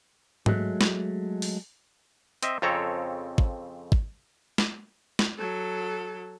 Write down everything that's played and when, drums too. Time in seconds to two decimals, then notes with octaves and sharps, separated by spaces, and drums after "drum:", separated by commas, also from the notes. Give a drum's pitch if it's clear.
0.46 F#3 G#3 A3, drum: tom G#2
0.81 drum: snare
1.42 drum: open hi-hat
2.43 C4 D#5 E5, drum: hi-hat
2.62 F2 C#3 C4 A4 C#5 A#5
3.38 drum: kick
3.92 drum: kick
4.58 drum: snare
5.19 drum: snare
5.38 F#3 A4